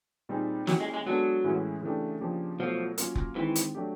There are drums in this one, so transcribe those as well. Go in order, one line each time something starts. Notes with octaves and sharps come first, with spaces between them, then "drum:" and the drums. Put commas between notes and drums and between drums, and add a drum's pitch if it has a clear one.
A#2 G3 C4 D#4 G#4
F#3 A#3 C#4 E4 G4, drum: snare
G#3
G#3
F#3 G#3 B3 D4 F#4 A4
A2 E3 G#3 C#4 E4
C#3 E3 A3 D4 G4
C#3 F3 A#3 D4 G4
B2 F3 F#3 A3
F#3 A#3 C#4 F4 A#4, drum: hi-hat
drum: kick F1
D#3 E3 G#3 C4
drum: hi-hat
F#3 A3 D4 G4